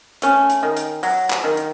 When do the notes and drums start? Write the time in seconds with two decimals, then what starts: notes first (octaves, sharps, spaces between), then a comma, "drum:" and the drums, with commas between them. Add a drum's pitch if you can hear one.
0.22 A3 C#4, drum: hi-hat
0.50 drum: hi-hat
0.63 D#3
0.77 drum: hi-hat
1.03 F#3, drum: open hi-hat
1.30 drum: clap
1.44 D#3
1.57 drum: hi-hat